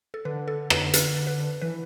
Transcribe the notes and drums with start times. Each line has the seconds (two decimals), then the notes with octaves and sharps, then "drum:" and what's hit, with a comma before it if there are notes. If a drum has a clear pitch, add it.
0.14 A4
0.25 D3 B4
0.48 A4
0.70 B4, drum: rim click
0.93 B4, drum: hi-hat
1.27 B4
1.62 E3 B4